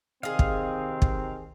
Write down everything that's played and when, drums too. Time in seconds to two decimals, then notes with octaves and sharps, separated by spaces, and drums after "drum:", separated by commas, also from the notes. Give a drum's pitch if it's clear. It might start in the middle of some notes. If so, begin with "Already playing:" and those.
0.23 C3 D#3 C4 G#4 D#5 F5
0.39 drum: kick
1.02 drum: kick